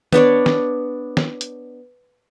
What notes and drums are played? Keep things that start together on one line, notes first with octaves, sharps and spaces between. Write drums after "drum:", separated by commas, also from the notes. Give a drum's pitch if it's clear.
B3 D4 C#5 D5, drum: tom
drum: snare
drum: snare
drum: hi-hat